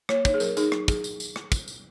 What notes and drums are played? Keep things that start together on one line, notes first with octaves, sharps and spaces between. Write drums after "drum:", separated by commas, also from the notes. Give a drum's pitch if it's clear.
A#3 C#5, drum: rim click
D#4 C#5, drum: kick, tambourine
G#4
F#3 A#4, drum: tambourine
D#4 G#4, drum: tambourine
F#3, drum: rim click
F#3 G#4, drum: kick, tambourine
drum: tambourine
drum: tambourine
drum: rim click
drum: kick, tambourine
drum: tambourine